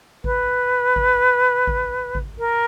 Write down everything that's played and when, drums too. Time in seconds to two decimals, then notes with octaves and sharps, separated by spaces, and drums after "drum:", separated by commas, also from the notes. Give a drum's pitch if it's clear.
0.24 B4, drum: kick G#1
0.96 drum: kick G#1
1.67 drum: kick G#1
2.15 drum: kick G#1
2.38 A#4